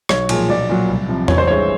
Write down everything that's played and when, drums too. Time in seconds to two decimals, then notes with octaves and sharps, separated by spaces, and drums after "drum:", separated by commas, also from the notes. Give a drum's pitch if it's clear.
0.09 B1 C#5, drum: rim click
0.29 A#2 F3 G#3, drum: cymbal
0.49 B1 D5
0.69 A#2 F#3
0.88 C2
1.09 C3 F3
1.28 A1 C#5, drum: tom E2
1.38 C5
1.47 G2 E3 G#3 C#5